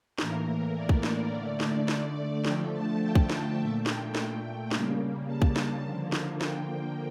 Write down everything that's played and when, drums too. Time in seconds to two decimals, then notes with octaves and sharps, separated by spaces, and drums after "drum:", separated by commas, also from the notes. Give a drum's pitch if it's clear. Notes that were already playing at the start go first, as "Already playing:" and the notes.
0.18 A2 E3 A#3 A#4, drum: snare
0.75 D5
0.89 drum: kick
1.03 D5, drum: snare
1.32 D3 A3 D5
1.60 drum: snare
1.88 drum: snare
2.45 D3 F3 A3 G5, drum: snare
2.73 A5
3.01 G5
3.15 drum: kick
3.30 drum: snare
3.58 A#2 A3 E5
3.86 G5, drum: snare
4.15 G5, drum: snare
4.71 C#3 G3 A#3, drum: snare
5.28 A5
5.42 drum: kick
5.56 drum: snare
5.84 D3 F3 A#3
6.12 drum: snare
6.41 G5, drum: snare